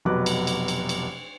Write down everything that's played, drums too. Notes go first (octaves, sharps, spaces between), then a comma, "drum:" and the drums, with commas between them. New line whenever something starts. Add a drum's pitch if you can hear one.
F1 B2 F#3 B4 D6 F#6
drum: cymbal
drum: cymbal
drum: cymbal
drum: cymbal